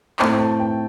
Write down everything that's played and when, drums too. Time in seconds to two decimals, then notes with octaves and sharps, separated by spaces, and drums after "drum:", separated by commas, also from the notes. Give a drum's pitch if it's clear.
0.19 A2 A3 C4 G5, drum: clap
0.39 A5
0.59 G5